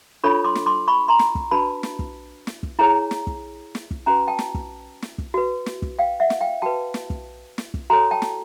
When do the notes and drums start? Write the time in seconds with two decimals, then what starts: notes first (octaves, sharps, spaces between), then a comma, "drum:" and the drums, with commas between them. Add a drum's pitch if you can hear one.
0.24 D4 F4 A4 C#5 B5 C#6
0.44 C6 D6
0.55 drum: snare
0.66 C6 D6
0.88 B5 C#6
1.08 A#5 C6
1.19 drum: snare
1.35 drum: kick
1.51 D4 F#4 B4 A5 B5
1.83 drum: snare
1.99 drum: kick
2.47 drum: snare
2.63 drum: kick
2.79 E4 G#4 C#5 G#5 A#5
3.11 drum: snare
3.27 drum: kick
3.75 drum: snare
3.91 drum: kick
4.06 C#4 F#4 B4 G#5 A#5
4.28 G5 A5
4.39 drum: snare
4.55 drum: kick
5.02 drum: snare
5.18 drum: kick
5.34 F#4 B4
5.66 drum: snare
5.82 drum: kick
5.99 F5 G5
6.20 E5 F#5
6.30 drum: snare
6.41 F5 G5
6.62 F#4 B4 G5 A5
6.94 drum: snare
7.10 drum: kick
7.58 drum: snare
7.74 drum: kick
7.90 F#4 A4 C#5 G#5 A#5
8.11 G5 A5
8.22 drum: snare